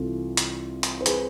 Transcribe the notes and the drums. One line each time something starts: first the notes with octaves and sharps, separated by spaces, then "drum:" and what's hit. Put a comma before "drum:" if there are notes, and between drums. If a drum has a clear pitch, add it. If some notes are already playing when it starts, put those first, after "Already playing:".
Already playing: C2 C3 E3 F4 A4
drum: hi-hat
drum: hi-hat
C5
G#4 B4, drum: hi-hat